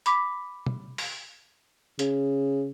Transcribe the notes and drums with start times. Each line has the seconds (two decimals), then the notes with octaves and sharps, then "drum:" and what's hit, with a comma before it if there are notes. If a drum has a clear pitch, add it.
0.06 B5 D6 B6, drum: hi-hat
0.66 drum: tom
0.98 drum: open hi-hat
1.99 C#3, drum: hi-hat